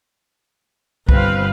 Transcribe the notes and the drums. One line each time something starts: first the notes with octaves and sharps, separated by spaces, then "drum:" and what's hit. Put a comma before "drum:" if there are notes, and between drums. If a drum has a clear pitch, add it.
G1 C4 B4 F5, drum: kick C2